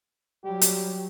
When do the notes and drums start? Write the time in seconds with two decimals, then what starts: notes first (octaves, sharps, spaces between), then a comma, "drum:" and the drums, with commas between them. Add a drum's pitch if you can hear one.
0.44 F#3 G3 G4
0.61 drum: hi-hat